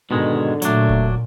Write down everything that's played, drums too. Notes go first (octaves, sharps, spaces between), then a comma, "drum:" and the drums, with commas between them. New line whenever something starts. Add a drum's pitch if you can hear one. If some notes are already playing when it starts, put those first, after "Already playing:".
G#2 B2 D3 D#3 G#3
A#2 F#3 A3 D4, drum: hi-hat
drum: kick E1